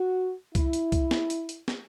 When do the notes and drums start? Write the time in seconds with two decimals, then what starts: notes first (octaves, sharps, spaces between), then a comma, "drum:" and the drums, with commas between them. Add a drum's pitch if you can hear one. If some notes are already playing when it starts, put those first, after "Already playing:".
Already playing: F#4
0.55 E4, drum: kick C2, hi-hat
0.73 drum: hi-hat
0.92 drum: kick C2, hi-hat
1.11 drum: snare
1.30 drum: hi-hat
1.49 drum: hi-hat
1.68 drum: snare